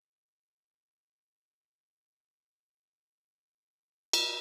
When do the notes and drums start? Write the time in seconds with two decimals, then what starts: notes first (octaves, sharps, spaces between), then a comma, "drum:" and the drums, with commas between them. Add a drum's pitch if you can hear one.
0.18 D#5 F#5 A5 A#5
2.83 D4
3.15 D5
3.79 A#3
4.13 drum: cymbal